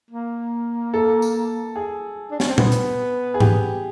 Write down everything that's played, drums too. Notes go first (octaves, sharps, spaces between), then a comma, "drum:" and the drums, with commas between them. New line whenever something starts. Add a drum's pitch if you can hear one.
A#3
A4
drum: tambourine
G#4
D4
C#4, drum: snare
C4
B3, drum: tom A#2
drum: hi-hat
G#4
G4, drum: tom G#2